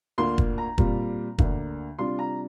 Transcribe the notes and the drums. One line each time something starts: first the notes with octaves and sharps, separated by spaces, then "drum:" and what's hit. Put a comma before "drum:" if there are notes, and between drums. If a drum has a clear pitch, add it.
D2 D3 A#3 D4 F4 C6
drum: kick
A#5
A#2 G3 C4 F4, drum: kick
D2 D3 A#3 D4, drum: kick
C3 G3 D4 F4 C6
A#5